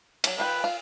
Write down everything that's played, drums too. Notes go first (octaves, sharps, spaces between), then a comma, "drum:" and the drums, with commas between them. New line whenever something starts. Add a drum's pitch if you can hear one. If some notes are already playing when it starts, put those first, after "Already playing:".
E3 F#3, drum: cymbal
D#3 F4 B4 G5
F4